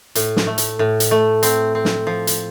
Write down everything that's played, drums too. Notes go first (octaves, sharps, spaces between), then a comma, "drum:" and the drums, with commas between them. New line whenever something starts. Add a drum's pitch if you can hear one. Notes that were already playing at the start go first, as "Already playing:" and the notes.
A2, drum: hi-hat
drum: snare
A3
drum: hi-hat
A2
drum: hi-hat
A3
C4, drum: hi-hat
C4
drum: snare
F3
drum: hi-hat